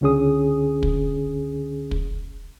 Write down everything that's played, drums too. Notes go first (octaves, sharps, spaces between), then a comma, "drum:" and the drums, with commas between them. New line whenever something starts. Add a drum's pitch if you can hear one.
C#2 D3 C#4 G#4 D#6
drum: kick
drum: kick